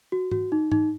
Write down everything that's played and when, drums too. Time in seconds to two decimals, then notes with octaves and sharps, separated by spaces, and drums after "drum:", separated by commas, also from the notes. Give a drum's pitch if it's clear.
0.12 F#4
0.31 F#4, drum: tom G#2
0.52 D#4
0.72 D#4, drum: tom G#2